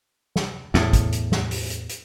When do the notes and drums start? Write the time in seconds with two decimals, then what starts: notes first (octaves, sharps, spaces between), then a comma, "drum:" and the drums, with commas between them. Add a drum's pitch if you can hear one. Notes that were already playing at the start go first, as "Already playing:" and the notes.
0.36 drum: snare
0.74 E2 A2, drum: snare
0.93 drum: kick, hi-hat
1.12 drum: hi-hat
1.32 drum: snare
1.51 drum: open hi-hat
1.70 drum: hi-hat
1.89 drum: hi-hat